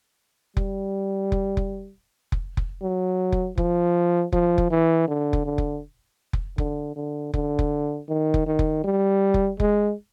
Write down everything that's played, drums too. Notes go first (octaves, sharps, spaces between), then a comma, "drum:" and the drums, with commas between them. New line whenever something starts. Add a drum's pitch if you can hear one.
G3, drum: kick F1
drum: kick F1
drum: kick F1
drum: kick F1
drum: kick F1
F#3
drum: kick F1
F3, drum: kick F1
F3, drum: kick F1
drum: kick F1
E3
D3
drum: kick F1
D3
drum: kick F1
drum: kick F1
D3, drum: kick F1
D3
D3, drum: kick F1
drum: kick F1
D#3
drum: kick F1
D#3
drum: kick F1
G3
drum: kick F1
G#3, drum: kick F1